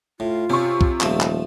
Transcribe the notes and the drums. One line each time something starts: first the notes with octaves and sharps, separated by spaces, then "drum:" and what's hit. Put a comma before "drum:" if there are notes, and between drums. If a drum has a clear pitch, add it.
A2 F4
C3 C#4 C#6
drum: kick
D#1 F3 A3, drum: clap
drum: clap